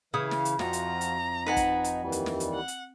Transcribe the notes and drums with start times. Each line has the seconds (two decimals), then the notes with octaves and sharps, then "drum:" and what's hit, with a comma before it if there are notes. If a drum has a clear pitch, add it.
0.14 C#3 E3 E4 F5 D#6
0.31 drum: snare
0.45 drum: hi-hat
0.59 F2 F3 F4 F#4 A#5, drum: snare
0.73 drum: hi-hat
1.01 drum: hi-hat
1.46 D#4 B4 F#5 G#5
1.57 drum: kick, hi-hat
1.84 drum: hi-hat
2.02 D#2 E3 G3
2.12 drum: hi-hat
2.26 drum: snare
2.40 drum: hi-hat
2.54 F#5
2.68 drum: hi-hat